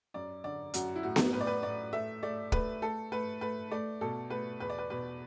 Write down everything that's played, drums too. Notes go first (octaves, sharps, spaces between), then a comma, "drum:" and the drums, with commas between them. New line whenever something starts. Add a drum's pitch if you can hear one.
F#2 D5
D3 D5
F#2 F#4, drum: hi-hat
E4
A2 F#4
drum: snare B3
A2 B4
D5
B4
A2 D5
A3 E5
A3 D5
A3 B4, drum: kick
A3 A4
A3 B4
A3 B4
A3 D5
B2 A4
A3 B4
E2 B4
D5
B4
B2 B4